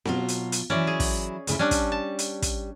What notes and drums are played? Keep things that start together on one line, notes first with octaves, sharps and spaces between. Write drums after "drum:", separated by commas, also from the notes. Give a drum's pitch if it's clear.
B2 F#3 F4, drum: snare C4
drum: hi-hat
drum: hi-hat
E3 F#3 C#4 E4 D5
G#4
drum: kick, open hi-hat
D2 C#3 E4, drum: hi-hat
G3 C#4 D4
drum: kick, hi-hat
A5
drum: hi-hat
drum: kick, hi-hat